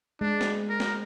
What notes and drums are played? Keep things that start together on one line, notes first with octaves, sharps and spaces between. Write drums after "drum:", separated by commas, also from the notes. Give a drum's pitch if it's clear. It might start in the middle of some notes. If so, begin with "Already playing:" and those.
G#3 D4
drum: snare
A#4
drum: snare